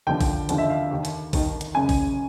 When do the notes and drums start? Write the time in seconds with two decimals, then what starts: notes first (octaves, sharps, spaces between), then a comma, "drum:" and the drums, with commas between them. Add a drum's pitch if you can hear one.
0.07 D#2 D3 F3 G5
0.21 drum: kick, open hi-hat
0.49 D#2 D3 F3, drum: hi-hat
0.58 E5
0.70 F5
0.91 D#2 D#3
1.05 drum: hi-hat
1.33 D#2 D#3, drum: kick, open hi-hat
1.61 drum: hi-hat
1.74 F#1 F#2 C#3 G#5
1.89 drum: kick, open hi-hat